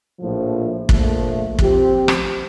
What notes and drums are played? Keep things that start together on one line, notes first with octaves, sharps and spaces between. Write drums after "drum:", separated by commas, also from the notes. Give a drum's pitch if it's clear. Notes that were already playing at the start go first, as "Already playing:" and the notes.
A#1 A2 F3
A#1 A#2 F3 A3, drum: kick
F3 C4 G4, drum: kick
drum: rim click